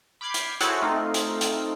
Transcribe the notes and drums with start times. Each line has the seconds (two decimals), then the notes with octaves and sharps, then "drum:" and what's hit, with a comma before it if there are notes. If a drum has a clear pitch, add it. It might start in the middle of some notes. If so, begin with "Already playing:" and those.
0.21 B5 D6 F6 G6 G#6 C7
0.34 drum: hi-hat
0.61 E4 F#4 G#4 A4 C5 C#5, drum: hi-hat
0.82 A3 C4 D#4 F4
1.14 drum: hi-hat
1.41 drum: hi-hat